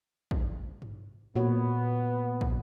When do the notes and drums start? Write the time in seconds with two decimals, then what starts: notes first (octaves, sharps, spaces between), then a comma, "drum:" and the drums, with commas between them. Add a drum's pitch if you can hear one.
0.31 drum: kick
0.82 drum: tom G2
1.36 A#2 B3 F#4 C#5
2.41 drum: kick